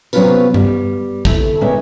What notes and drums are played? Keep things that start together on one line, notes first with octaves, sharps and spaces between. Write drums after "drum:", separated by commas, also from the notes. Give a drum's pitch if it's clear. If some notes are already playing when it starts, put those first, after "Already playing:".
C3 F#3 B3 C#4 F4 B4, drum: tambourine
G3, drum: tom G2
A3 E4, drum: kick
A#2 G#3 B3 C#4 E5